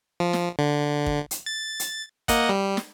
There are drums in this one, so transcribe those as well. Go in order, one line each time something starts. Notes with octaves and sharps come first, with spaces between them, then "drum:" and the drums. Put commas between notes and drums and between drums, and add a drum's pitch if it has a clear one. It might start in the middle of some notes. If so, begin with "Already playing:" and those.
F3
drum: snare
D3
drum: kick
drum: hi-hat
A6
drum: hi-hat
A#3 D#5 F#5, drum: kick, hi-hat
G3
drum: snare